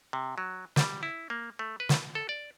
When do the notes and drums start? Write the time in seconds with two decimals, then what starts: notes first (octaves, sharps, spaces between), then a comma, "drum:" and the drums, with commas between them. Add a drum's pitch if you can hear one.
0.13 C3
0.38 F#3
0.76 G3, drum: snare
1.03 E4
1.30 A#3
1.59 A3
1.80 B4
1.89 drum: snare
2.15 A4
2.29 D5